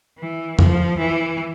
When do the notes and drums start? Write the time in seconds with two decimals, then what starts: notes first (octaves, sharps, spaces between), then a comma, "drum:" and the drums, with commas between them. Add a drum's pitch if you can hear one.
0.19 E3
0.59 F3, drum: tom F2
0.98 E3